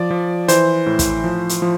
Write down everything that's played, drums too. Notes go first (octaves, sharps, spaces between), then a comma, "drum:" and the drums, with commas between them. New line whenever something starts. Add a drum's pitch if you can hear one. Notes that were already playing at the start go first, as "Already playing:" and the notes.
Already playing: F3 D5
F3
E3 C5, drum: hi-hat
A2
drum: kick, hi-hat
F3
drum: hi-hat
F3